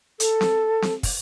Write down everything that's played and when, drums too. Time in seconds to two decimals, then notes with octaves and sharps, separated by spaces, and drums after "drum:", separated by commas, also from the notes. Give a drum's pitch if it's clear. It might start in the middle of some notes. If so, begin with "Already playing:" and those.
0.20 A4, drum: hi-hat
0.41 drum: snare C4
0.82 drum: snare C4
1.03 drum: kick, open hi-hat